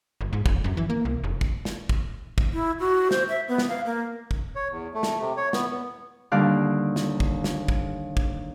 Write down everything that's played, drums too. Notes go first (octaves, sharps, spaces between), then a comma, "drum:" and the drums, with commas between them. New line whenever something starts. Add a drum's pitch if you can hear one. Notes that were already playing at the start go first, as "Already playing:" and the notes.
G1
G#2
F1, drum: kick
F#2
E3
A#3
C2
F1
drum: kick
drum: snare
drum: kick
drum: kick
E4
F#4
C5, drum: snare
E5
B3
drum: snare
F5
A#3
drum: kick
C#5
E2
A3
drum: snare
C3
C#5
B3, drum: snare
B3
D#2 D3 G3 D5 F5 F#6
drum: snare
drum: kick
drum: snare
drum: kick
drum: kick